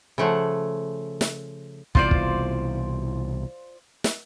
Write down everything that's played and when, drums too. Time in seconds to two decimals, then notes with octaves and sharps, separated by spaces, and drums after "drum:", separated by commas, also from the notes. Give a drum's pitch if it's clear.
0.18 C#3 F3 A3 F#5
1.21 drum: snare
1.95 C2 B2 E3 F4 C5 D5, drum: kick
2.11 drum: kick
4.04 drum: snare